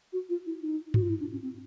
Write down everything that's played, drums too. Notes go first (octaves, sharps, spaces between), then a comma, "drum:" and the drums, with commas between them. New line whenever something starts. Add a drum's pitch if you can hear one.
F#4
F4
E4
D#4
F#4, drum: tom G2
F4
E4
D4
C#4
C4